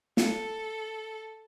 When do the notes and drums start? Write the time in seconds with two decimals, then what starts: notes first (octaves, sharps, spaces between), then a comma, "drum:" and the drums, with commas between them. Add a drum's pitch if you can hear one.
0.17 A4, drum: snare